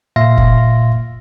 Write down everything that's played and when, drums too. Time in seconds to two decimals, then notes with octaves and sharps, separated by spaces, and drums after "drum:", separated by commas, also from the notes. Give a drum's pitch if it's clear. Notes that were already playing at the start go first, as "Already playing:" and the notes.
0.16 A#2 E5 F5 C6 A#6
0.37 drum: kick